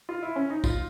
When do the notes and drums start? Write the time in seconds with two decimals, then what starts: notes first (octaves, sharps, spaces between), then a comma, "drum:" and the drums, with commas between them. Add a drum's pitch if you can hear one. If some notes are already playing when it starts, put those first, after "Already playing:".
0.09 F4
0.23 E4
0.36 C#4
0.50 D#4
0.64 F4, drum: kick, tambourine